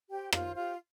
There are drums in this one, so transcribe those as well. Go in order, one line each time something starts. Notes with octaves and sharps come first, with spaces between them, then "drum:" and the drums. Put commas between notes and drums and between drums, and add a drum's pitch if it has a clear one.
G4 C5 G5
F4 C5 F5, drum: rim click
F4 G4 F5